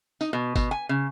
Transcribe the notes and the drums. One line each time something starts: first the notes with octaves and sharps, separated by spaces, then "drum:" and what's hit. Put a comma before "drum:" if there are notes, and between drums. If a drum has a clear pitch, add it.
D#4, drum: tambourine
B2
B2, drum: kick, tambourine
G#5
C#3